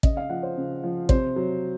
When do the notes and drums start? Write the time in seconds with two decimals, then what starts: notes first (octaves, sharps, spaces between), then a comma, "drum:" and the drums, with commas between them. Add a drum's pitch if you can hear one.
0.03 C#3 D#5, drum: kick
0.17 F5
0.29 F3 F#5
0.43 C5
0.57 C#3
0.84 F3
1.09 C3 C5, drum: kick
1.36 F#3